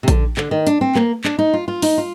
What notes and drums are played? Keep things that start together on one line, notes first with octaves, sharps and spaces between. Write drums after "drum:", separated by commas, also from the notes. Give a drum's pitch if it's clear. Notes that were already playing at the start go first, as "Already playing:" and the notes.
C3
D3, drum: kick A#1, hi-hat
D3, drum: clap
D#3
D4, drum: hi-hat
C4
A#3, drum: clap
D4, drum: clap
D#4
F4
F4
D#4, drum: open hi-hat
F4